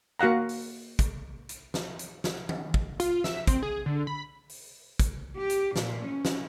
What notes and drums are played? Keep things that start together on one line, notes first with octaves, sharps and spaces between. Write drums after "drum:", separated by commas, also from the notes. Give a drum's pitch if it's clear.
A#3 F#4 F5 F#5 A#5
drum: open hi-hat
drum: kick, hi-hat
drum: hi-hat
drum: snare
drum: hi-hat
drum: snare
drum: tom D#3
drum: kick
F4, drum: hi-hat
E5, drum: snare
C4, drum: kick, hi-hat
G#4
D3
B5
drum: open hi-hat
drum: kick, hi-hat
G4
drum: hi-hat
A#2, drum: snare
C#4
drum: snare